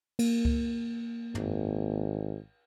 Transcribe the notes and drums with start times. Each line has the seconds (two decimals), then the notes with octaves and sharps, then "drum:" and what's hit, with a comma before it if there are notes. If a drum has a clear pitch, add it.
0.19 A#3, drum: cymbal
0.45 drum: kick C#2
1.35 G#1, drum: tom